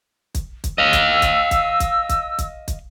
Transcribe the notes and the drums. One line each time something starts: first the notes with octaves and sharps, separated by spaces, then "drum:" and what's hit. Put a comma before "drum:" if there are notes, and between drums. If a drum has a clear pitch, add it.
drum: kick, hi-hat
drum: kick, hi-hat
D#5 F5 E6
drum: kick, hi-hat
drum: kick, hi-hat
drum: kick, hi-hat
drum: kick, hi-hat
drum: kick, hi-hat
drum: kick, hi-hat
drum: kick, hi-hat